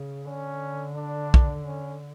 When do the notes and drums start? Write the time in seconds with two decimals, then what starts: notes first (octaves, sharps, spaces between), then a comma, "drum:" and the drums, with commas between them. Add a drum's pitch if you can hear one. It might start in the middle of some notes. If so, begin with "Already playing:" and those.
Already playing: C#3
0.25 D3 C#4
0.95 D4
1.34 drum: kick
1.65 C#4